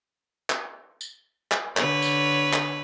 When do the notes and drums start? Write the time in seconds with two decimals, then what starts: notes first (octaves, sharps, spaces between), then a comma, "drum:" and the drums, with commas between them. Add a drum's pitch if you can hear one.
0.50 drum: clap
1.01 drum: tambourine
1.52 drum: clap
1.77 D3 B4 C#5, drum: clap
2.02 drum: tambourine
2.53 drum: clap